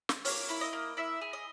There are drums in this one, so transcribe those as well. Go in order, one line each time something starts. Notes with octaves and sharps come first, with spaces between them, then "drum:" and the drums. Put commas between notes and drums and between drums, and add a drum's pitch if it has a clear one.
drum: snare
A#3 C#5, drum: open hi-hat
E4
D#5
A#3
E4 E5
G#4
D#5